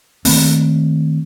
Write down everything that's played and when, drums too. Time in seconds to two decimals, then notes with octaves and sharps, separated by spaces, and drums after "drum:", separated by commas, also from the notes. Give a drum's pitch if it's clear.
0.25 D#3 A3 A#3 C4, drum: open hi-hat